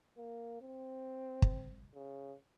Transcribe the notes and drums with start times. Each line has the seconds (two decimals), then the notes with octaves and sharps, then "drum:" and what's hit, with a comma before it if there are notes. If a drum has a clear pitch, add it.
0.17 A#3
0.61 C4
1.42 drum: kick
1.95 C#3